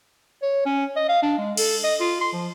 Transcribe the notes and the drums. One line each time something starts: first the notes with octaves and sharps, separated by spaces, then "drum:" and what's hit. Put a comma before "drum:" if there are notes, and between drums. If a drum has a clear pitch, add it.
C#5
C#4
D#5
F5
D4
G#3
A4, drum: cymbal
D#5
F4
C6
F3